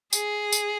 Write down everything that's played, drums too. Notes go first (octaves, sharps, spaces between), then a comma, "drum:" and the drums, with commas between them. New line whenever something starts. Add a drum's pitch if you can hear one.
G#4, drum: tambourine
drum: tambourine